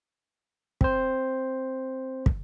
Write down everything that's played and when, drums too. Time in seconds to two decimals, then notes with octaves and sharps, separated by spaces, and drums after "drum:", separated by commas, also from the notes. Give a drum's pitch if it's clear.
0.81 C4 C5, drum: kick
2.26 drum: kick